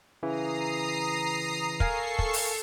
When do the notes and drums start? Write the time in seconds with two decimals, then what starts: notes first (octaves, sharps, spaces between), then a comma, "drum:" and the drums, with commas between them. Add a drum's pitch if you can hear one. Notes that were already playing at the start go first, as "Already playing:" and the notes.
0.23 C#3 E3 A#5 D#6 C7
1.80 A4 A#4 F5 G#5 C#6 C7, drum: kick
2.19 drum: kick
2.33 drum: open hi-hat